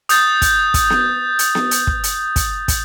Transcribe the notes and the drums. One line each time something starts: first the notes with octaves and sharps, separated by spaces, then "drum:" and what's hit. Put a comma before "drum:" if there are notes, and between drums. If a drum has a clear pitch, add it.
D#6 G6 A6, drum: hi-hat
drum: kick, hi-hat
drum: kick, hi-hat
drum: snare B3
drum: hi-hat
drum: snare B3
drum: hi-hat
drum: kick
drum: hi-hat
drum: kick, hi-hat
drum: kick, hi-hat